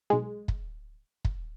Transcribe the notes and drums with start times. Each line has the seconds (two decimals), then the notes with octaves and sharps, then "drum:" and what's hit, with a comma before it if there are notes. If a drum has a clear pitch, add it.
0.10 B1 G#3
0.48 drum: kick
1.25 drum: kick